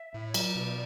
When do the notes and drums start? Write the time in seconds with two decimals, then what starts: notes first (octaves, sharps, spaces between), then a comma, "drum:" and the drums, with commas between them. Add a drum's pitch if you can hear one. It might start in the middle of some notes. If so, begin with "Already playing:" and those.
Already playing: E5
0.14 A2
0.28 C#5
0.34 F#3 D5, drum: cymbal
0.55 B2